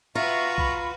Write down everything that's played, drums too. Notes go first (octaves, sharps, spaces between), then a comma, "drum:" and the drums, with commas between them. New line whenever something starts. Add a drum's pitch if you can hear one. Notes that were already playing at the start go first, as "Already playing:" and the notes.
F4 F#4 B4 E5 A#5 C#6
B5, drum: kick A#1